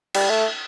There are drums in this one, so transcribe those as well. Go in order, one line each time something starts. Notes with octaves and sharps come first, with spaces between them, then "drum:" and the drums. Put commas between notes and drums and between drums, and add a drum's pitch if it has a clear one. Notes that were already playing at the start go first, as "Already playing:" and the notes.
G3, drum: cymbal
A3